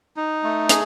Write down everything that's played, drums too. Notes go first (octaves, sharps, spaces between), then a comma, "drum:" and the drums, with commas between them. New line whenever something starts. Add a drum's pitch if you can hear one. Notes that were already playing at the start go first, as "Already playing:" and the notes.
D#4
A3
G#4, drum: hi-hat